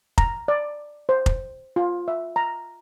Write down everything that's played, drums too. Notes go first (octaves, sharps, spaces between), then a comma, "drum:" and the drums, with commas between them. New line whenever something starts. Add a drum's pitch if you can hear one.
A#5, drum: kick F1
D5
C5
drum: kick F1
F4
E5
A#5